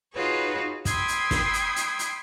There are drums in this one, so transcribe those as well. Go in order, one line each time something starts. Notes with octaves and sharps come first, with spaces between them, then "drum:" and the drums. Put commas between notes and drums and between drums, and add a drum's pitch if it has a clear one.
D#4 F4 F#4 G#4 B4 C#5
G5 B5 C6 D#6 E6 G#6, drum: kick, hi-hat
drum: hi-hat
drum: snare
drum: hi-hat
drum: hi-hat
drum: hi-hat